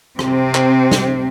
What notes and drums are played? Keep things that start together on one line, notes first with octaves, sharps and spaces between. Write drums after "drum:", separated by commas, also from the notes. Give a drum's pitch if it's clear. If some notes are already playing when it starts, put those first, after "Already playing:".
C3 C4, drum: rim click
drum: clap
drum: snare